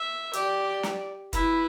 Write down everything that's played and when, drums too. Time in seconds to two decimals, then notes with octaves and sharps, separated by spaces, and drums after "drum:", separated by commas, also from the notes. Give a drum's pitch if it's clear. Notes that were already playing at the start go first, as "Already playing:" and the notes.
Already playing: E5
0.33 G4 D5, drum: hi-hat
0.83 drum: snare
1.33 E4 B4, drum: kick, hi-hat